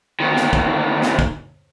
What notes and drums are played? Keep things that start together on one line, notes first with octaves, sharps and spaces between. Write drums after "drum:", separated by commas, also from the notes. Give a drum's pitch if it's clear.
D2 D#3
drum: snare
drum: kick
drum: snare
drum: kick